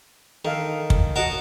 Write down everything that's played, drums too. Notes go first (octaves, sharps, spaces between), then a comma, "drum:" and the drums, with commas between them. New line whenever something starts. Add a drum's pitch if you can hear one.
D#3 A4 F5
drum: kick
F#4 A#4 D#5 F#5 A5